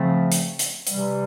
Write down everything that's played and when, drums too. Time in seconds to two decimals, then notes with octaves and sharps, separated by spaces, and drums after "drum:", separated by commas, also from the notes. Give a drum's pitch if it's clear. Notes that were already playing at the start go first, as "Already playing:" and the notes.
Already playing: C#3 F3 A3 C4
0.32 drum: hi-hat
0.59 drum: hi-hat
0.87 C3 E3 G3, drum: hi-hat